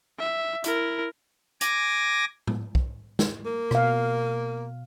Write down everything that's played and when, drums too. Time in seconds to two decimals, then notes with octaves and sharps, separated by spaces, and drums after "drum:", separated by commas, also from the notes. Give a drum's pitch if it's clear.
0.19 E5
0.64 E4 A#4, drum: hi-hat
1.61 G#5 D6 A#6, drum: hi-hat
2.47 drum: tom A2
2.75 drum: kick
3.19 drum: snare
3.45 A#3
3.71 B2 F5, drum: rim click